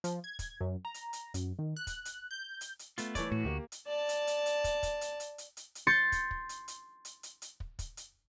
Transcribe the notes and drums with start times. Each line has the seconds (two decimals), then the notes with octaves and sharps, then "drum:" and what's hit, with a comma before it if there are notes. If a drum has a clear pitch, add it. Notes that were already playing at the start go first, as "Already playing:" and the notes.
0.04 F3, drum: hi-hat
0.24 G#6
0.39 drum: kick, hi-hat
0.61 F#2
0.85 A#5
0.94 drum: hi-hat
1.13 drum: hi-hat
1.34 F#2, drum: hi-hat
1.59 D#3
1.77 F#6
1.87 drum: kick, hi-hat
2.05 drum: hi-hat
2.31 G6
2.61 drum: hi-hat
2.79 drum: hi-hat
2.98 A3 B3 F4, drum: hi-hat
3.15 E3 A3 C#5 D5, drum: kick, hi-hat
3.32 A2 F#4
3.45 D2 A#3 G4
3.72 drum: hi-hat
3.87 D5 A5
4.09 drum: hi-hat
4.27 drum: hi-hat
4.46 drum: hi-hat
4.64 drum: kick, hi-hat
4.83 drum: kick, hi-hat
5.01 drum: hi-hat
5.20 drum: hi-hat
5.38 drum: hi-hat
5.57 drum: hi-hat
5.75 drum: hi-hat
5.87 C6 G6 A6 C#7
6.12 drum: kick, hi-hat
6.31 drum: kick
6.49 drum: hi-hat
6.68 drum: hi-hat
7.05 drum: hi-hat
7.23 drum: hi-hat
7.42 drum: hi-hat
7.60 drum: kick
7.79 drum: kick, hi-hat
7.97 drum: hi-hat